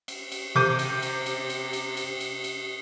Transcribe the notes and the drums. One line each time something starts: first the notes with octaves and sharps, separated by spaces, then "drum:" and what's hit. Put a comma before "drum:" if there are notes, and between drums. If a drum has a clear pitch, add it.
drum: cymbal
drum: cymbal
C3 D6 G6 D#7
drum: cymbal
drum: cymbal
drum: cymbal
drum: cymbal
drum: cymbal
drum: cymbal
drum: cymbal
drum: cymbal